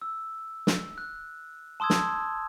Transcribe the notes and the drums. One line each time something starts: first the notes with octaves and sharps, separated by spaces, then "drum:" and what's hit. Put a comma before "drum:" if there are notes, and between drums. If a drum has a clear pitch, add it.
E6
drum: snare
F#6
A5 C6 D#6 E6 G#6
drum: snare